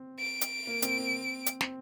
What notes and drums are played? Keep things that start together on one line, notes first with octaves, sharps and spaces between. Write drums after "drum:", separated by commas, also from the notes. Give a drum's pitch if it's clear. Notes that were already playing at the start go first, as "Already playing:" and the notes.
Already playing: C4
D7
drum: hi-hat
A#3
C4, drum: hi-hat
C4
drum: hi-hat
C4, drum: snare